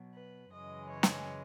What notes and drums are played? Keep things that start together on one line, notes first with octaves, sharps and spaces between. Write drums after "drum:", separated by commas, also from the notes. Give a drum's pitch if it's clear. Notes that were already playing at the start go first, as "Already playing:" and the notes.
Already playing: B2 F#3
B4
F#2 C#3 E3 G#3 D#5
C#5
drum: snare